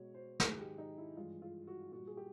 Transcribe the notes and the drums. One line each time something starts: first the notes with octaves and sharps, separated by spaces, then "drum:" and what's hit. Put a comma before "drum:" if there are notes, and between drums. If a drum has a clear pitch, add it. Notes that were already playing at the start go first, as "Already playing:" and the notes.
Already playing: B2 G#3 C#5
C5
G#2 D#3 F#3 G#4, drum: snare
G4
D#4
E4
G2 E3 G#3 F4
F4
F#4
A#2 G3 F#4
G#4
G4